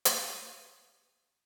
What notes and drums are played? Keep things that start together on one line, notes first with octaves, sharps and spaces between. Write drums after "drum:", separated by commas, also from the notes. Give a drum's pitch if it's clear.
drum: hi-hat
D#6